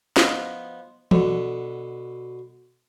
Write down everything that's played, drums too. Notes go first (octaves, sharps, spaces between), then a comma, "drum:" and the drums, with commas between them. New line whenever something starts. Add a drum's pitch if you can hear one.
F3 B3 D#4, drum: snare
B2 D3, drum: tom E3